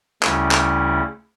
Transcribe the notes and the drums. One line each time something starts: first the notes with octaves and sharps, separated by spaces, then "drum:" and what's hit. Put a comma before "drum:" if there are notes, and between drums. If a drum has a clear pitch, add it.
D2 C#3 G3 C#4 E4, drum: clap
drum: clap